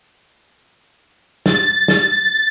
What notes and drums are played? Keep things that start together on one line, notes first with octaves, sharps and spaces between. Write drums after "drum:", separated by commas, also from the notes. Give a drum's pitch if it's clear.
A6, drum: snare
drum: snare